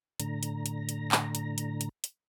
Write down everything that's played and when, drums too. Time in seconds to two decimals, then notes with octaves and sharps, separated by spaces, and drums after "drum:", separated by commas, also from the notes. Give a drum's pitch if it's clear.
0.20 A2 D3 A#5, drum: hi-hat
0.43 drum: hi-hat
0.66 drum: hi-hat
0.89 drum: hi-hat
1.12 drum: clap
1.35 drum: hi-hat
1.58 drum: hi-hat
1.81 drum: hi-hat
2.04 drum: hi-hat